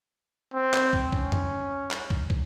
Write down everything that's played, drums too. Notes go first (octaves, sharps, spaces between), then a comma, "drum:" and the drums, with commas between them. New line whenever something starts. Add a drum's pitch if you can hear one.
C4
drum: clap
drum: kick
C#4, drum: kick
drum: tom F2
drum: clap
drum: kick
drum: kick